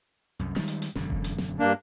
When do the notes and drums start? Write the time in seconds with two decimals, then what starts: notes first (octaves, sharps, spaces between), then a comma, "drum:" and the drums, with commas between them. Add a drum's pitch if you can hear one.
0.39 C2 F#2
0.56 D#3 G3 G#3, drum: snare
0.68 drum: hi-hat
0.82 drum: hi-hat
0.95 E1 F#2 D3, drum: snare
1.10 drum: kick F1
1.24 drum: hi-hat
1.38 drum: snare
1.60 G2 A#3 D4